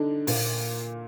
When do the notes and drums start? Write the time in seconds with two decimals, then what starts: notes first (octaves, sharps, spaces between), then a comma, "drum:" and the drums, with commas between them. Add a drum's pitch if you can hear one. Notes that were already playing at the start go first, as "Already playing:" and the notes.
Already playing: D3 D4 D#4
0.27 A#2 A#3, drum: open hi-hat